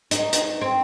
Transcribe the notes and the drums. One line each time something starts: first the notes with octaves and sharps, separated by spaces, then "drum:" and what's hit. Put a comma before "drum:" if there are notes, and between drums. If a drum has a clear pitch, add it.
D#4, drum: hi-hat
drum: hi-hat
C4